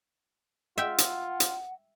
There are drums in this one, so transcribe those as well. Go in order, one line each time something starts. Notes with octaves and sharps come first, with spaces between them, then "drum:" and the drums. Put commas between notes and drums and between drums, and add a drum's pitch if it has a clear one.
F4 E5 F#5 G5
drum: hi-hat
drum: hi-hat